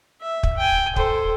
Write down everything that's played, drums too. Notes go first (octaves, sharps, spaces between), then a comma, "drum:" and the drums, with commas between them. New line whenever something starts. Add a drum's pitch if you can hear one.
E5
drum: kick
G5 G#5
A4 C5, drum: kick